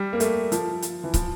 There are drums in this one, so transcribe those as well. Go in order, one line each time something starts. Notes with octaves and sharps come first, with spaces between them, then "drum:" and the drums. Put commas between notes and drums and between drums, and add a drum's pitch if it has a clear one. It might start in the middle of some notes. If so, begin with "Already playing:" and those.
Already playing: G3
A#3
A3, drum: hi-hat
F3, drum: hi-hat
drum: hi-hat
E3
F3, drum: kick, hi-hat